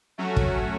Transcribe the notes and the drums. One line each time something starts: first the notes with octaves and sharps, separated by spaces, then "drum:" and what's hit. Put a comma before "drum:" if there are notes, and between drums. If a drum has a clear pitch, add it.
F#3 A3 C#4 F#4
drum: kick